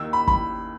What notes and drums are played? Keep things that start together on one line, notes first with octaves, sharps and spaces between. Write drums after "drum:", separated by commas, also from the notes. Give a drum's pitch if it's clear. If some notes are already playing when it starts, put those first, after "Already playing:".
Already playing: D#2 D#3 E6
B5
B5, drum: kick G1